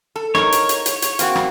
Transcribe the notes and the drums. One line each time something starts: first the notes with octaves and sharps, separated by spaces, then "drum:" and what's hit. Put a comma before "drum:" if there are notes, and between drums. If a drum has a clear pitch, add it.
A4
D#4 A#4 C#5, drum: rim click
drum: hi-hat
drum: hi-hat
drum: hi-hat
drum: hi-hat
A#3 C4 F#4, drum: hi-hat
drum: rim click